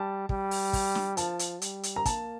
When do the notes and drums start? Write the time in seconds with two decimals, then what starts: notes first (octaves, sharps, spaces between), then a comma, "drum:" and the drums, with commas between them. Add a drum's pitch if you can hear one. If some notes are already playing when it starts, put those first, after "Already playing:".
Already playing: G3 A5
0.29 G3, drum: kick
0.51 drum: open hi-hat
0.73 drum: kick, open hi-hat
0.95 drum: snare
1.17 F3 A5, drum: hi-hat
1.39 drum: hi-hat
1.62 G3, drum: hi-hat
1.83 drum: hi-hat
1.96 A#5
2.05 A#3 A5, drum: kick, hi-hat